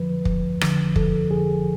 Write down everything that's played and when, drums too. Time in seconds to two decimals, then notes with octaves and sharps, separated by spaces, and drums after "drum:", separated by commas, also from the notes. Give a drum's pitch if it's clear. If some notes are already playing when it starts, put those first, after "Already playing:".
Already playing: F2 D3 F3 B4
0.25 F2, drum: kick
0.61 D3 F3, drum: rim click
0.96 F2 A4, drum: kick
1.31 D3 F3 G#4